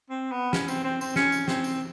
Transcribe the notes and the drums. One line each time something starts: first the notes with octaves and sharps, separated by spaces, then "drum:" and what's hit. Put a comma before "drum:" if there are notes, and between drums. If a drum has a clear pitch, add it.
C4
B3
C#4, drum: snare
C4, drum: tambourine
C4
C4, drum: tambourine
C#4, drum: snare
drum: tambourine
C4, drum: snare
drum: tambourine